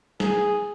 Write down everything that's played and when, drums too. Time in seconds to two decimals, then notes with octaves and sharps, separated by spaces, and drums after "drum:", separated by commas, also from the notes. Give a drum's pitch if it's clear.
0.20 G#4, drum: snare